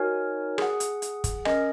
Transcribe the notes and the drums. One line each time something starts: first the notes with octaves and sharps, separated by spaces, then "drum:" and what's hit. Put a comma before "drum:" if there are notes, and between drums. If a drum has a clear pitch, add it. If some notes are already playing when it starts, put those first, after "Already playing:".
Already playing: D#4 F#4 A#4 C#5 G#5
G#4 F#5, drum: rim click
drum: hi-hat
drum: hi-hat
drum: kick, hi-hat
C#4 A#4 D#5 G#5, drum: rim click